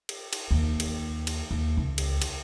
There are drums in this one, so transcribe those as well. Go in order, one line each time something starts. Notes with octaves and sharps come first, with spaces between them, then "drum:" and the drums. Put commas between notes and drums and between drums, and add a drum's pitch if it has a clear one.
drum: cymbal
drum: cymbal
D#2
drum: cymbal
drum: cymbal
D#2
C#2
drum: cymbal
drum: cymbal